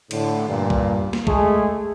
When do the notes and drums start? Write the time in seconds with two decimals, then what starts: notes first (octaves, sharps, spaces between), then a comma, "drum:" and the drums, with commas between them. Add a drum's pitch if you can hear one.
0.11 A2 D3, drum: cymbal
0.48 G2 A#2
0.70 drum: kick
1.13 drum: snare
1.27 G#3 A3 G#4, drum: kick